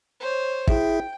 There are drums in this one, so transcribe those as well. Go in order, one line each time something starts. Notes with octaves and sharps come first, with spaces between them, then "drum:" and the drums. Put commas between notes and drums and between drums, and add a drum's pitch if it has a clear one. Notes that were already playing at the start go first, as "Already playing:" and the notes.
C5 C#5
E4 G#4 E5 G5, drum: kick